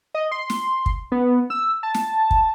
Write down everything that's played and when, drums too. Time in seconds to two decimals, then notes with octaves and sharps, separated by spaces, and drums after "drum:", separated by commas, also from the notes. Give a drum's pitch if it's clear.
0.15 D#5
0.32 C6
0.50 drum: snare
0.86 drum: kick
1.12 B3
1.50 E6
1.83 A5
1.94 drum: snare
2.31 drum: kick